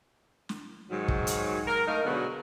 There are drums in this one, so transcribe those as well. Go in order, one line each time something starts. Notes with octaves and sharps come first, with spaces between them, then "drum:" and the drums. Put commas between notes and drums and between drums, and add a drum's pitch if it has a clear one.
drum: snare
G#2 D#3 F#3
drum: kick
drum: hi-hat
A#4
A3 D#4 A#4 F5
B2 D3 F#3 G#3 B3